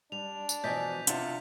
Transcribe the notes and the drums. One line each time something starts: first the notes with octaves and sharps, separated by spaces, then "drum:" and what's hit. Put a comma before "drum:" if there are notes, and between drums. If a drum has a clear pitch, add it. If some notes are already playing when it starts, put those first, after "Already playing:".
G3 D4 F7
drum: tambourine
B2 E3 F3 D5 D#5 G#5 G6 B6
C3 D4 F4 F#5 A5, drum: hi-hat